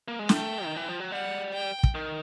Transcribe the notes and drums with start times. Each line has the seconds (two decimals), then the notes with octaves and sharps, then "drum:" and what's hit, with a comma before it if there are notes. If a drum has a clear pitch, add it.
0.08 A#3
0.19 G#3
0.29 A3 G5, drum: snare
0.65 D#3
0.76 E3
0.88 F3
1.00 F#3
1.12 G3 F#5
1.53 G5
1.83 drum: kick
1.95 D#3